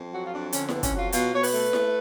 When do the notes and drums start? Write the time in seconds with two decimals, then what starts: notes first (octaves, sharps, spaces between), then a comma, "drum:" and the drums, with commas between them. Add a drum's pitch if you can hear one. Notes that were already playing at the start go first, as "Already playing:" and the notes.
Already playing: F2
0.13 F#3 F#4
0.25 F4
0.33 F2 D4
0.53 D3 C#4, drum: hi-hat
0.69 F2 B3, drum: snare E4
0.83 C#4, drum: kick, hi-hat
0.94 F#3 F4
1.12 B2 F4, drum: hi-hat
1.33 B2 C#5
1.43 B4, drum: open hi-hat
1.53 A3
1.73 A3, drum: snare E4